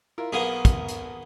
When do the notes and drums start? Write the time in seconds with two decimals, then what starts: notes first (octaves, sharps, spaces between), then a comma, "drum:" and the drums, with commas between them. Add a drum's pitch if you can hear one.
0.18 E4 F4 A#4
0.32 B1 A#3 B3 G#4 A#4 D#6
0.65 drum: kick, hi-hat
0.88 drum: hi-hat